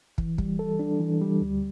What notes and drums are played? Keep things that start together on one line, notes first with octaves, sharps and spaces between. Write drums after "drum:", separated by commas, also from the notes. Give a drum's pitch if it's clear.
E3, drum: kick
G3, drum: kick
A4
D4
E3
G3
D2